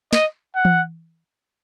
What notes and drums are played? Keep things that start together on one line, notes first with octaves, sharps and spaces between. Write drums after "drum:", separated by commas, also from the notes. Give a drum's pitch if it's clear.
D#5, drum: snare
F#5
drum: tom E3